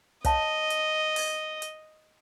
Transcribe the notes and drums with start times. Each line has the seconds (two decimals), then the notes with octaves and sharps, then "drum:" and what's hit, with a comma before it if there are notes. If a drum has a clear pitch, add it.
0.24 C#5 D#5 F5 A5, drum: kick, hi-hat
0.70 drum: hi-hat
1.16 drum: open hi-hat
1.62 drum: hi-hat